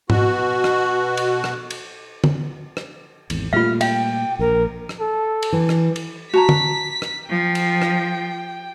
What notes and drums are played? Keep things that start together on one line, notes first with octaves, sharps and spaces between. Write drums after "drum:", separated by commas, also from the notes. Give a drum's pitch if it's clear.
B2 F#4, drum: tom G#2
drum: rim click
drum: cymbal
drum: rim click
drum: cymbal
drum: tom
drum: rim click
G#1 E2, drum: cymbal
A#2 G3 A3 F4 F5 F6
F5 G5, drum: cymbal
A#1 A#4
drum: rim click
A4
drum: cymbal
E3
drum: rim click
drum: cymbal
F#4 A5 A#5 B6
drum: tom
drum: rim click
F3 G5
drum: cymbal
drum: rim click